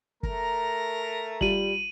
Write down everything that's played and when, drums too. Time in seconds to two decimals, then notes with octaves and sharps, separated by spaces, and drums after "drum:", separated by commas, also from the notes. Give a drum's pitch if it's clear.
0.23 A3 A#4 A#5, drum: kick
1.41 G3 F4 D#7 F#7, drum: kick